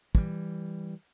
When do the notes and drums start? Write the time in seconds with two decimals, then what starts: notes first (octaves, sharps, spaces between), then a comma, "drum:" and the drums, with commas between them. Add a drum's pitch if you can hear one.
0.15 E3 G3, drum: kick